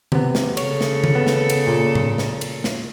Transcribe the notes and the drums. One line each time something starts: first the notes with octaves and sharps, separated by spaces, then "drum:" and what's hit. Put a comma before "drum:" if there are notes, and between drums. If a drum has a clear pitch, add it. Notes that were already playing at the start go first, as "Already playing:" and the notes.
C3 B3, drum: tom D3
drum: snare
C#3 A4 C#5, drum: cymbal
drum: snare
drum: tom D3
B3
drum: snare
drum: cymbal
A#2
drum: tom A2
drum: snare
drum: cymbal
drum: snare